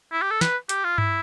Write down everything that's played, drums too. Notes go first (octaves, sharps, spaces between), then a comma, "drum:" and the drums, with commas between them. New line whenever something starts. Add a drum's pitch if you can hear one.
E4
G4
A4
B4, drum: snare
G4, drum: hi-hat
F4
E4, drum: tom G2